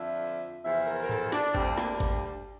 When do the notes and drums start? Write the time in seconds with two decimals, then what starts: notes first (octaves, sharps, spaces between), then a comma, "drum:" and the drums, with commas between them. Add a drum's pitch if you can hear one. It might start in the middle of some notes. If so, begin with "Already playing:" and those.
Already playing: F2 D3 F3 E5
0.64 E2 C3 F3 E5
0.86 A#4
1.02 A#4
1.09 A4, drum: tom G#2
1.32 D4, drum: snare
1.55 D2 D3 G3 C4, drum: kick
1.78 A#3, drum: snare
2.00 drum: kick